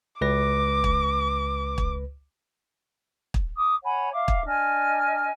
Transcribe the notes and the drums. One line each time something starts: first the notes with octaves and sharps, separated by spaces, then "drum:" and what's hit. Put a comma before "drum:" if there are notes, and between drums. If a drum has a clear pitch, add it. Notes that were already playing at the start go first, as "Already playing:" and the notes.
C#2 B4 D6 A#6
drum: kick
drum: kick
drum: kick
D6 D#6
C#5 F#5 G#5 B5
E5 F5 D6
drum: kick
D4 D#5 G#5 F6